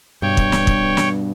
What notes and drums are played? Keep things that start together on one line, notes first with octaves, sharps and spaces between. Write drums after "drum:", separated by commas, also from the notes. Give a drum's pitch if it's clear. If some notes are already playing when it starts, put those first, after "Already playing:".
G2 B2 C#5 G5
drum: kick
drum: snare
drum: kick
drum: snare